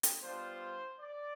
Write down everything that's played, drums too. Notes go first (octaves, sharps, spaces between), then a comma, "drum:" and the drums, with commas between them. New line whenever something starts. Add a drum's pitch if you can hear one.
drum: hi-hat
G3 B3 D4 F4 C5
D5